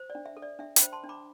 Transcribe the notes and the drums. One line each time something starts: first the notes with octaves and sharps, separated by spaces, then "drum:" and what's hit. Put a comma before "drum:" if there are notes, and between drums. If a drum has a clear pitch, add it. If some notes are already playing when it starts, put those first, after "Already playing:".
Already playing: C5
D5
D4
E5
A4
D5
D4 E5
G5 B5, drum: hi-hat
C5
A5 C6
D4
B5 D6